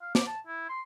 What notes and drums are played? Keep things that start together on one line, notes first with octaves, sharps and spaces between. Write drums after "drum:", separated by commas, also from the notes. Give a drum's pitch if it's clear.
F5
D6, drum: snare
A5
E4
C6